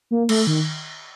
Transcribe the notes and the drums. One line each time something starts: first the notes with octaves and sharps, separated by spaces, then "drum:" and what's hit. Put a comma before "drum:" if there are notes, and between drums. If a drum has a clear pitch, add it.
A#3
A3, drum: cymbal
D#3